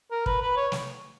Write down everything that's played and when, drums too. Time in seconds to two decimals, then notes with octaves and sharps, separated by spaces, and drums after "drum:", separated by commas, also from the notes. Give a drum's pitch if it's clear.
0.11 A#4
0.26 B4, drum: kick
0.41 B4
0.57 C#5
0.72 drum: snare